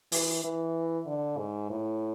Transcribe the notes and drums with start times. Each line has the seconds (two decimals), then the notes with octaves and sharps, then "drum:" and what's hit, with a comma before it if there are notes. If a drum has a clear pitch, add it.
0.12 E3, drum: open hi-hat
0.44 E3
1.07 D3
1.38 G#2
1.70 A2